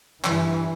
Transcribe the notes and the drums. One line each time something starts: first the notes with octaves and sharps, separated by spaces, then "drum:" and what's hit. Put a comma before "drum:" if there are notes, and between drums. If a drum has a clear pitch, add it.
G2 E3, drum: clap